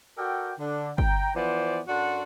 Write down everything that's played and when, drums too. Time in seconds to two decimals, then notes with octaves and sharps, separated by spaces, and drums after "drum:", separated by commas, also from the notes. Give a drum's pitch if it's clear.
0.18 F#4 A4 A#4 D5 G5
0.59 D3 D4
0.98 G5 A#5, drum: kick
1.35 E3 F3 B3 C5 D5
1.88 F#2 D4 F#4 A4 F#5 C6